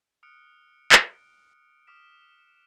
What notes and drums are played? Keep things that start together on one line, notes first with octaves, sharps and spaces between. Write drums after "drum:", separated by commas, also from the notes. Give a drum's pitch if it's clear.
D#6 F6 F#6 C#7 D7
drum: clap
D7
D6 D#6 F6 B6 E7